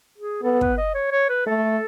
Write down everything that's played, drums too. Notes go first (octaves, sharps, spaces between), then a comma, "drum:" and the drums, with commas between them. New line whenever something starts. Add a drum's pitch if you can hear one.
G#4
B3 A4
B4, drum: kick
D#5
C#5
C#5
B4
A3 A4